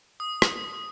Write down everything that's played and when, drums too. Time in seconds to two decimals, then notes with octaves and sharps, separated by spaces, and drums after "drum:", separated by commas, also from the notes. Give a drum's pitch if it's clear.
0.20 D#6
0.42 drum: rim click